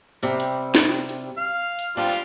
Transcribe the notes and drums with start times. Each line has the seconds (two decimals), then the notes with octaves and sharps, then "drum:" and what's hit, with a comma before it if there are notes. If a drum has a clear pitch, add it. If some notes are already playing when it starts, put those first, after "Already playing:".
0.23 C3 G3
0.40 drum: hi-hat
0.75 drum: snare
1.09 drum: hi-hat
1.38 F5
1.79 drum: hi-hat
1.97 G3 C4 D4 F4